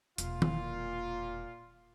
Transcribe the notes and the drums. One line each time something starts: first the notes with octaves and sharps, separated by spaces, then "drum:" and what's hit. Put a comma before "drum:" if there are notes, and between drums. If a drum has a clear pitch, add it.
E1 A#2 F4, drum: hi-hat
drum: tom D#3